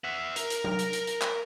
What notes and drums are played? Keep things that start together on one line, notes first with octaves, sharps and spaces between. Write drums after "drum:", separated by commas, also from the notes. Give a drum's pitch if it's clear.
E5 F#5
A#4, drum: hi-hat
drum: hi-hat
drum: tom
drum: hi-hat
drum: hi-hat
drum: hi-hat
drum: clap